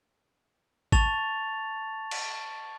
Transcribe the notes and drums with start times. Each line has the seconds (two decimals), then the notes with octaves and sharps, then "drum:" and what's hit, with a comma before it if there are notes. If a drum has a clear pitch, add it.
0.92 A5 C#6 A6 F7, drum: kick G#1
2.11 drum: cymbal